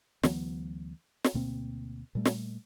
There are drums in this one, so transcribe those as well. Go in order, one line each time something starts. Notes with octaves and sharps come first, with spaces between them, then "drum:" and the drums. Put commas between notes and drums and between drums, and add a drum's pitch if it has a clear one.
D2 E3 F#3 B3, drum: snare
drum: snare
D2 B2 A#3 C4
A#2 G3 A3
drum: snare